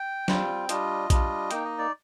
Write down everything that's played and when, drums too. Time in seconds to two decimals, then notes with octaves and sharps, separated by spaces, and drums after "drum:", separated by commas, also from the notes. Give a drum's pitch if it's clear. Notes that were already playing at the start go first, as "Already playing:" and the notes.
Already playing: G5
0.28 G3 C4 F4, drum: snare
0.69 G3 D4 F4 D#5, drum: hi-hat
1.10 G3 D4 F4, drum: kick A#1, hi-hat
1.51 A#3 D#4 G5, drum: hi-hat
1.65 D#5
1.78 D5